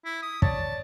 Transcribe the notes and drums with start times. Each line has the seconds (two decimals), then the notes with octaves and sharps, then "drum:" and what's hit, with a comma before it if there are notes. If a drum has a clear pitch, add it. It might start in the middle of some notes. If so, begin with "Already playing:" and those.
0.05 E4
0.22 D#6
0.42 C#5 D5 A5, drum: kick